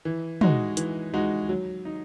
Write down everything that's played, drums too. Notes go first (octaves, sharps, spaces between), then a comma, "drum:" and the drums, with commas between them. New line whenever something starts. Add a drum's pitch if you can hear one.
E3
G#3 D#4 F#4, drum: tom
E3, drum: hi-hat
G#3 D#4 F#4
F#3
D#4